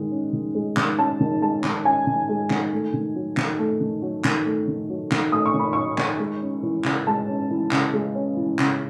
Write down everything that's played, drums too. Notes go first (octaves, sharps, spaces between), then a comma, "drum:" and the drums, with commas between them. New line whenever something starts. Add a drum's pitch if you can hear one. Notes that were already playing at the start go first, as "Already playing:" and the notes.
Already playing: D#3 G#3
C#4
D#3
G#3
D#3, drum: clap
C#4 A5
D#3
G#3 A5
D#3, drum: clap
C#4 G#5
D#3
G#3
D#3, drum: clap
A3
D#3
F#3
D#3, drum: clap
A3
D#3
F#3
D#3, drum: clap
A3
D#3
F#3
D#3, drum: clap
A3 D#6
C#6
D#3
B5
F#3 C#6
D#3, drum: clap
G#3
C#4
E3
C#3, drum: clap
G#3 A5
C#4
E3
C#3, drum: clap
G#3
C#4
E3
C#3, drum: clap